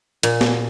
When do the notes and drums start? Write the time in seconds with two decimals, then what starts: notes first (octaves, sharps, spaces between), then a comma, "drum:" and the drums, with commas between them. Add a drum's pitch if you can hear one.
0.23 A#2, drum: hi-hat
0.41 drum: snare